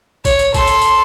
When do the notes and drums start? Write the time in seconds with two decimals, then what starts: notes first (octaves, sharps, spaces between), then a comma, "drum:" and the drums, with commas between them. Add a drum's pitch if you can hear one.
0.25 C#5, drum: kick, tambourine
0.39 drum: tambourine
0.54 A4 C6, drum: kick, tambourine
0.67 drum: tambourine
0.81 drum: tambourine